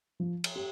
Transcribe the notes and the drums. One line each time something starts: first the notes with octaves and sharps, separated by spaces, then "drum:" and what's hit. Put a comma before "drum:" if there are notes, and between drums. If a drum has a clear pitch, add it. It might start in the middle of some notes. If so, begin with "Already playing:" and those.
F3
drum: cymbal
G4